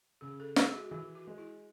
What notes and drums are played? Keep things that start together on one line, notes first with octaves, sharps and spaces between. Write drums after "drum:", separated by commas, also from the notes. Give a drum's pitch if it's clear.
C#3 G#4
A4
G#3 G#4, drum: snare
G#4
F#4
F#4
E3 G#4
F#4
G#3
E4